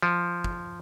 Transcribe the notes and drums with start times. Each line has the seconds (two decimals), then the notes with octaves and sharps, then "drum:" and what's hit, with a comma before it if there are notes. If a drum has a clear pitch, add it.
0.02 F3
0.44 drum: kick